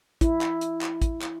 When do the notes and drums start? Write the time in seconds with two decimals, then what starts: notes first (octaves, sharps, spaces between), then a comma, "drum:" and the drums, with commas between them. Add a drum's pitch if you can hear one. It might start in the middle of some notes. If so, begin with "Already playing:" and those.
0.21 E4, drum: kick, hi-hat
0.41 drum: clap
0.61 drum: hi-hat
0.81 drum: clap
1.02 drum: kick, hi-hat
1.22 drum: clap